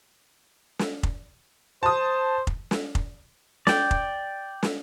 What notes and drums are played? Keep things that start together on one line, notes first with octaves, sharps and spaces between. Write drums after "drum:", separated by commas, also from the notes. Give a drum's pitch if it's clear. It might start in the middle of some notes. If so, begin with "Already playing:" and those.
drum: snare
drum: kick F1
C5 A5 D#6
drum: kick F1
drum: snare
drum: kick F1
D5 G5, drum: snare
drum: kick F1
drum: snare